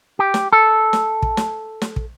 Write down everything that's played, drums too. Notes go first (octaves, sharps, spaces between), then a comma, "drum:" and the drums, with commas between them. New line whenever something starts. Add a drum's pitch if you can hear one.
G4
drum: snare
A4
drum: snare
drum: kick
drum: snare
drum: snare
drum: kick